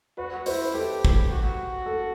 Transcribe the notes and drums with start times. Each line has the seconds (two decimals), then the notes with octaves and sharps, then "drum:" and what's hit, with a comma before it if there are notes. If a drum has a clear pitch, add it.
0.17 F#4 B4
0.46 E4 C5, drum: open hi-hat
0.74 G4 A4
1.05 drum: kick
1.30 F#4
1.86 A4